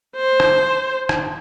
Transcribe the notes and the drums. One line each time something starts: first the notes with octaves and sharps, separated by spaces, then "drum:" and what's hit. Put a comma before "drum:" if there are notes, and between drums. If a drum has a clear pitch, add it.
C5
drum: rim click
drum: rim click